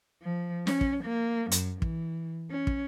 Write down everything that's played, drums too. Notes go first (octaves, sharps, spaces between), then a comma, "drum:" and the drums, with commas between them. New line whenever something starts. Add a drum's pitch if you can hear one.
F3
C#4, drum: snare
drum: kick
A#3
F#2, drum: hi-hat
E3, drum: kick
C#4
drum: kick